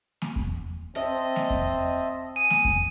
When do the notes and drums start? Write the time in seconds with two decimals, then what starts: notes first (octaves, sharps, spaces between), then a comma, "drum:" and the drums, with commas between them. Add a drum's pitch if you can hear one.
0.22 drum: snare A#3
0.36 drum: kick E2
0.97 C4 D#5 E5 A5 D#6
1.36 drum: snare A#3
1.50 drum: kick E2
2.36 G#5 D#6 D#7
2.50 drum: snare A#3
2.65 drum: kick E2